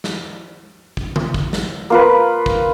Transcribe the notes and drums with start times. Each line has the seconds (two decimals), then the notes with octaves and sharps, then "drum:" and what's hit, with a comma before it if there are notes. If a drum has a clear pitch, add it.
0.04 drum: snare
0.97 drum: kick
1.16 drum: tom C#3
1.34 drum: kick
1.53 drum: snare
1.90 A#3 F4 B4
2.46 drum: kick